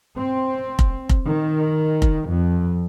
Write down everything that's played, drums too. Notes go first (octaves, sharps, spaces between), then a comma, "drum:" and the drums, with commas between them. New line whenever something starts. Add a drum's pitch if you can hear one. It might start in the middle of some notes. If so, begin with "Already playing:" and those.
C4
drum: kick F1
drum: kick F1
D#3
drum: kick F1
F2